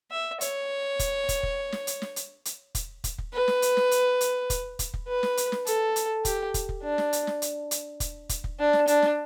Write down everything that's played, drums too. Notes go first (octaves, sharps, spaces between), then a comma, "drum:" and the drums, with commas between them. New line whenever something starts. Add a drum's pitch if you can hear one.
E5
C#5, drum: hi-hat
drum: kick, hi-hat
drum: kick, hi-hat
drum: kick
drum: snare
drum: hi-hat
drum: snare
drum: hi-hat
drum: hi-hat
drum: kick, hi-hat
drum: kick, hi-hat
drum: kick
B4
drum: snare
drum: hi-hat
drum: snare
drum: hi-hat
drum: hi-hat
drum: kick, hi-hat
drum: kick, hi-hat
drum: kick
B4
drum: snare
drum: hi-hat
drum: snare
A4, drum: hi-hat
drum: hi-hat
G4, drum: kick, hi-hat
drum: kick, hi-hat
drum: kick
D4
drum: snare
drum: hi-hat
drum: snare
drum: hi-hat
drum: hi-hat
drum: kick, hi-hat
drum: kick, hi-hat
drum: kick
D4
drum: snare
D4, drum: hi-hat
drum: snare